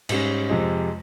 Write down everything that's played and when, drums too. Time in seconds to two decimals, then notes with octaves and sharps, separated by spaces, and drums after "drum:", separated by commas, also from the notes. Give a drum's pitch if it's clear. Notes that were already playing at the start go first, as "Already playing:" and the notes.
0.09 G#2 G3 C#4, drum: cymbal
0.50 F2 C3 F3 G#3